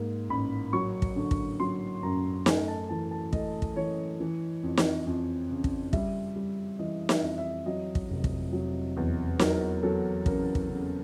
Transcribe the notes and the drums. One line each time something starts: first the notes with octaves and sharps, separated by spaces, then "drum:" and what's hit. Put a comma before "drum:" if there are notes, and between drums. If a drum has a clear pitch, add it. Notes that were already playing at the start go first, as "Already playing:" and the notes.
Already playing: G#2 A#3
A1 B5
F#3 C#6
drum: kick
D3
drum: kick
F#3 C6
F#2 A#5
A3 G#5, drum: snare
A5
E3 A5
A5
A3 D#5, drum: kick
drum: kick
E3 C#5
E3
F2
drum: snare
F2
C#3
drum: kick
G3 E5, drum: kick
G3
E3 D#5
E5, drum: snare
F2
E5
F#3 D#5
drum: kick
F1
drum: kick
F#3
E2
F#3 A#4, drum: snare
F#3 A4
C#3 A#4, drum: kick
drum: kick
C#3